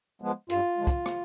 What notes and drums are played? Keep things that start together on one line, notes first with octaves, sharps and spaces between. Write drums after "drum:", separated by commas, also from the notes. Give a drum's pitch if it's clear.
F3 G#3 B3
G2 F4, drum: hi-hat
D3 F3 G#3
drum: kick, hi-hat
drum: rim click